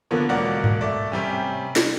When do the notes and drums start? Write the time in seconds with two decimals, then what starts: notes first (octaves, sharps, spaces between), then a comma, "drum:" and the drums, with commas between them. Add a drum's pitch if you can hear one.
0.11 D3 F3 A#3 B3 C#5
0.29 E1 A#3 F#4 A#4 D5 F#5
0.64 drum: tom G#2
0.81 A3 D5
1.12 C3 G3 C#4
1.76 drum: snare